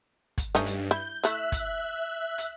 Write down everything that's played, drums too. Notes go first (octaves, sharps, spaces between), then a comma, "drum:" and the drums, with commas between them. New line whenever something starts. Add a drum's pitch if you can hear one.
drum: kick, hi-hat
G2 A3 C#4 D#4
drum: hi-hat
E4 G6
A3 E4 E5 F#6, drum: hi-hat
drum: kick, hi-hat
drum: hi-hat